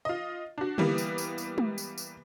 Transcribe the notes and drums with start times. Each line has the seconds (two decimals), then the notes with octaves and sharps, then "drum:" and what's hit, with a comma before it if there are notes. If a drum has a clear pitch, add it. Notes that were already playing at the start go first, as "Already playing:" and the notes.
0.05 F4 D#5
0.58 D4 F#4
0.78 E3 G3 A#3 B3, drum: tom D3
0.98 drum: tambourine
1.18 drum: tambourine
1.38 drum: tambourine
1.58 drum: tom G#3
1.78 drum: tambourine
1.98 drum: tambourine